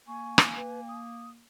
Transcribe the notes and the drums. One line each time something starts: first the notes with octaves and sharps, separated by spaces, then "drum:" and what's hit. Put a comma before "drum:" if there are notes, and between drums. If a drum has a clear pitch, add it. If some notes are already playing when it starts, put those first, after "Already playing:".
A#3 G#5 C#6
drum: rim click
B4
D#6